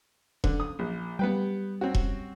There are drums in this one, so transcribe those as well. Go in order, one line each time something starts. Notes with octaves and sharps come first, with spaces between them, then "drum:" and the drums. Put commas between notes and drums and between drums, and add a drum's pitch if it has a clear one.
D3, drum: kick E1
D#6
A#1
G3 B3 B4 G5
C4 C#4 F#4
drum: kick E1